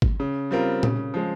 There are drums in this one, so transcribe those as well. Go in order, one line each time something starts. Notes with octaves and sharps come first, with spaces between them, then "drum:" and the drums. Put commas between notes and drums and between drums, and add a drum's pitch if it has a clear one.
drum: kick G#1
C#3
G3 C4 F4 A#4
C#3, drum: tom A#2
F3 G#3